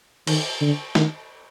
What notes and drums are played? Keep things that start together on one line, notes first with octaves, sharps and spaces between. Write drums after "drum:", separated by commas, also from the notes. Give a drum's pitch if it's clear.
D#3, drum: cymbal
D3
D#3, drum: snare